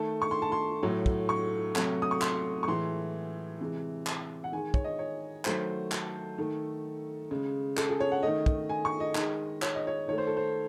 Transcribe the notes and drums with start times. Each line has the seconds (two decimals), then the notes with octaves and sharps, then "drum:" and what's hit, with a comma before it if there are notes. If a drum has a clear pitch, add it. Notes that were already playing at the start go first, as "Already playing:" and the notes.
Already playing: D#3 A3 A5
0.22 C#6
0.31 C6
0.42 A5
0.52 C6
0.83 A2 F#3 A3
1.06 drum: kick
1.29 C#6
1.76 C3 F#3 A3, drum: clap
2.02 D#6
2.11 C#6
2.21 C6, drum: clap
2.63 C#6
2.67 A2 E3 G#3 C6
3.61 C3 E3 G#3
4.07 drum: clap
4.44 F#5
4.52 D#3 G#3 G#5
4.74 C#5, drum: kick
4.84 D#5
4.99 C#5
5.45 D#3 F#3 A3 C5, drum: clap
5.92 A4, drum: clap
6.38 D#3 A3
7.31 C#3 G#3
7.77 A4, drum: clap
7.89 G#4
8.00 C#5
8.12 F#5
8.23 D#3 A3 D#5
8.46 drum: kick
8.69 G#5
8.85 C#6
9.00 D#5
9.15 D#3 G#3, drum: clap
9.62 C#5, drum: clap
9.75 D#5
9.87 C#5
10.08 D#3 A3 C#5
10.18 C5
10.27 A4
10.37 C5